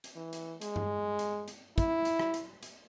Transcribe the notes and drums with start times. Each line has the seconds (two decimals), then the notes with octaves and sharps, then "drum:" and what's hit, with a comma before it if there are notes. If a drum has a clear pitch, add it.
0.04 drum: hi-hat
0.16 E3
0.33 drum: hi-hat
0.61 G#3, drum: hi-hat
0.76 drum: tom G2
1.19 drum: hi-hat
1.48 drum: hi-hat
1.78 E4, drum: kick, hi-hat
2.05 drum: hi-hat
2.19 drum: rim click
2.34 drum: hi-hat
2.63 drum: hi-hat